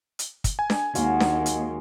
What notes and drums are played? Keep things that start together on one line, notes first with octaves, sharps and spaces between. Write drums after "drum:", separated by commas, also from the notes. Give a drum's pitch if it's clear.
drum: hi-hat
drum: kick, hi-hat
G#5
drum: snare D4
D#2 F#3 G#3 F5, drum: hi-hat
drum: snare D4
drum: hi-hat